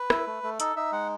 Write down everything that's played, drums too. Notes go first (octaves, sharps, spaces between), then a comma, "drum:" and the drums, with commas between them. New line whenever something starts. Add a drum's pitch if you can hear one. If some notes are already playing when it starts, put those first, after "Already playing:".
Already playing: B4
E4, drum: rim click
A3
A3
D#4 A4, drum: hi-hat
D#4 E5
G#3 F#5